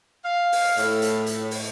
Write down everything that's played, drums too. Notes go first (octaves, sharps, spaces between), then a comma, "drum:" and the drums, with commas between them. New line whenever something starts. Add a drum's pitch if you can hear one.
F5
drum: open hi-hat
A2, drum: hi-hat
drum: hi-hat
drum: hi-hat
drum: open hi-hat